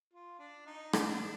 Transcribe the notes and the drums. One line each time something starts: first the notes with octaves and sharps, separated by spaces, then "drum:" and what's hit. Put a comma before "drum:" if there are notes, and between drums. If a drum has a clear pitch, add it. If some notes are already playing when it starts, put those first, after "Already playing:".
F4
D4
D#4
D4, drum: rim click